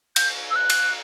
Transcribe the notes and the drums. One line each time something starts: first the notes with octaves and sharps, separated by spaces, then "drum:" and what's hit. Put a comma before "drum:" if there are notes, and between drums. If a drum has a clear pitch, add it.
G6, drum: cymbal
E6
F#6
drum: cymbal